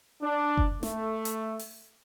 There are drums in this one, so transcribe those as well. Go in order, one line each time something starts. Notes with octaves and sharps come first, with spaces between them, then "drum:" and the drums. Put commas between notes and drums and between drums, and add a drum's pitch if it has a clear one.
D4
drum: kick F#1
A3, drum: snare
drum: hi-hat
drum: open hi-hat